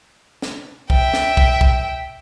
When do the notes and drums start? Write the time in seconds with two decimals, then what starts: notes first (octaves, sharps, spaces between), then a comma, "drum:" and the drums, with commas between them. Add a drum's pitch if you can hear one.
0.42 drum: snare
0.90 E5 G5, drum: kick
1.14 drum: snare
1.37 drum: kick
1.61 drum: kick